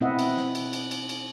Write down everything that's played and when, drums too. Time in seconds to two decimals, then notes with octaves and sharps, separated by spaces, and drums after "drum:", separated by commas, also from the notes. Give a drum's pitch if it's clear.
0.01 B2 C4 E4 D#5 E5 F#5
0.19 drum: cymbal
0.37 drum: snare
0.55 drum: cymbal
0.73 drum: cymbal
0.91 drum: cymbal
1.09 drum: cymbal